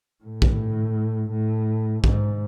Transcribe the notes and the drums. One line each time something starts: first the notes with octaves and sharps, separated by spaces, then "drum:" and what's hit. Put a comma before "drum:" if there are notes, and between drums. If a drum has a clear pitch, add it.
A2
drum: kick
A2
G#2, drum: kick